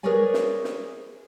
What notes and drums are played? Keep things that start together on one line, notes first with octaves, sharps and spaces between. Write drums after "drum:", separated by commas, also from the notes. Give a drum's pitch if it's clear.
G#4 A#4 B4 C#5 D5 G#5
drum: snare
drum: snare